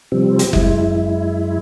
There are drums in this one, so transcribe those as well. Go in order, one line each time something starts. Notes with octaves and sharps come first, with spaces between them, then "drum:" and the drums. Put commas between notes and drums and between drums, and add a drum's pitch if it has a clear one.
C3 F3 G3 C4
drum: hi-hat
F#2 G#3 E4, drum: kick F#1